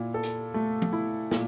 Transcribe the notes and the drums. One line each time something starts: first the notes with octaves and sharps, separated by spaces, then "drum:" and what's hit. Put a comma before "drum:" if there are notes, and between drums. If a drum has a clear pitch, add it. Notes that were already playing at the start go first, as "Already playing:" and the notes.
Already playing: A#2 E4
A4
drum: hi-hat
A3
drum: tom F3
E4
A#2, drum: snare